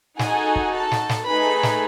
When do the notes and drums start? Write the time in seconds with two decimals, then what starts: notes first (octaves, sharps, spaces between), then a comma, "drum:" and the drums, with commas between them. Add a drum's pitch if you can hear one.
0.19 D#4 F#4 G#4 A4 G#5, drum: snare
0.56 drum: kick
0.73 A4 A5
0.91 drum: snare
1.09 drum: snare
1.27 A3 D#4 G#4 B4 B5
1.63 drum: snare